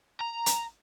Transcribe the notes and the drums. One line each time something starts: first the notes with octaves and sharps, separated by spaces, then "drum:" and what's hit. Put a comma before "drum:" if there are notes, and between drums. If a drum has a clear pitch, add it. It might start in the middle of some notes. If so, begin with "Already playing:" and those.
A#5
drum: hi-hat